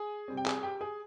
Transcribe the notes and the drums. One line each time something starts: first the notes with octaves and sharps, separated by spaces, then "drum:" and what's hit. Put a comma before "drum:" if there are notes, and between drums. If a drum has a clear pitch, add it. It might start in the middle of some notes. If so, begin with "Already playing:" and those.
Already playing: G#4 G#5
C3 G3 C4
G5
G#4 G#5, drum: clap
G4 G5
G#4 G#5